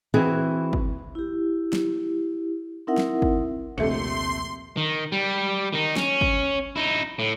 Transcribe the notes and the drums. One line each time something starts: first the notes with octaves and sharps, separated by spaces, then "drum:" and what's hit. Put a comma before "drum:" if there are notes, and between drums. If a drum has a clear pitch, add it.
E3 C4 E4 F#4 G#4 C5
drum: kick
E4 G4
drum: snare
C4 D#4 E4 A#4 E5 F#5
drum: snare
drum: kick
A#1 D#2 C3 A3 C6 C#7
D#3
G3
D#3 D#4
C#4, drum: snare
drum: kick
D#4 E4
A2